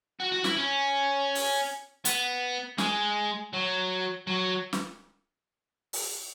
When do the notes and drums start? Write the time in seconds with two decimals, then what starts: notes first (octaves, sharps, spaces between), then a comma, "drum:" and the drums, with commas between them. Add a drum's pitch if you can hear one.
0.20 F#4
0.32 F#4
0.44 E4, drum: snare
0.56 C#4
1.35 drum: open hi-hat
2.05 B3, drum: hi-hat
2.78 G#3, drum: snare
3.53 F#3
4.27 F#3
4.73 drum: snare
5.93 drum: open hi-hat